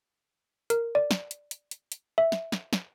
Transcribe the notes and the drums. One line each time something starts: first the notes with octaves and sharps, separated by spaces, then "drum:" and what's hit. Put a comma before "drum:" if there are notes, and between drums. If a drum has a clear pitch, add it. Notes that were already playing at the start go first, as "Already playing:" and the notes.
A#4, drum: hi-hat
D5
drum: snare
drum: hi-hat
drum: hi-hat
drum: hi-hat
drum: hi-hat
E5
drum: snare
drum: snare
drum: snare